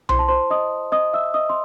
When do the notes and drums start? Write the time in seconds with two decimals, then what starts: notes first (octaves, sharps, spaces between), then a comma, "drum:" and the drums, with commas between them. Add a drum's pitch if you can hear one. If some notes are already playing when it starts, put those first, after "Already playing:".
0.09 E4 C5 C6, drum: tom B1
0.19 A5
0.28 C5 C6
0.50 D#5 D#6
0.92 D#5 D#6
1.13 E5 E6
1.34 D#5 D#6
1.49 C6